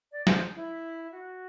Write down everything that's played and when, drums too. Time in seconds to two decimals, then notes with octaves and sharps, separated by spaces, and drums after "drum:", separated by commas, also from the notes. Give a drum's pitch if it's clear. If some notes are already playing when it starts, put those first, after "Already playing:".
0.12 D5
0.27 C5, drum: snare
0.56 E4
1.12 F#4